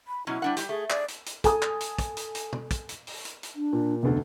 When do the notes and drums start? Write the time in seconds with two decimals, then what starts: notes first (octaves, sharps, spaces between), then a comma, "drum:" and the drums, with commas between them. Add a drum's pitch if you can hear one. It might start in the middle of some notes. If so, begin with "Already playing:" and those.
0.08 B5
0.27 B2 F#3 C#4 E4
0.42 G3 D4 F#5
0.57 G3 G#3 G4, drum: hi-hat
0.69 A3 G#4
0.90 G#4 D5, drum: clap
1.08 drum: hi-hat
1.26 drum: hi-hat
1.44 A4 G#5 D#6, drum: kick, hi-hat
1.62 drum: clap
1.80 drum: hi-hat
1.99 drum: kick, hi-hat
2.17 drum: hi-hat
2.35 drum: hi-hat
2.53 drum: tom
2.71 drum: kick, hi-hat
2.89 drum: hi-hat
3.07 drum: open hi-hat
3.25 drum: hi-hat
3.43 drum: hi-hat
3.56 D4
3.73 A#2
4.03 F1 D2 B3 A4